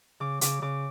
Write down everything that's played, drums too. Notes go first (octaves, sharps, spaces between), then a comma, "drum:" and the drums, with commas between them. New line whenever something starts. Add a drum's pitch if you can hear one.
C#3 D6
C#3 D6, drum: hi-hat
C#3 D6